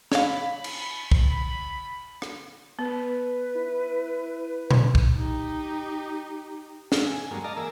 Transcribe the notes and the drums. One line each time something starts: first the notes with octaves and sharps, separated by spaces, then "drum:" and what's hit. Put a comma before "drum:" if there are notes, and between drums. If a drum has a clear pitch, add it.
C#5 F5 B5, drum: snare
drum: cymbal
drum: kick
drum: rim click
B3 B4
E4
drum: tom A#2
drum: kick
D#4 G4
F#4 F5 E6, drum: snare
G#5
G2 F#3 G#3 A#3
D5 D#5 F5 A5 A#5
E3 A#3 G#4 A#4 F5 E6